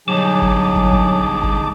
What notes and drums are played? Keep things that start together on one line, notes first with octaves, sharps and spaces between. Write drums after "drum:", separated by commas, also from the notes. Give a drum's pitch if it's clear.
D2 F#3 G3 D#4 G#4 G#5 A5 D6
drum: kick
drum: kick
drum: kick
drum: kick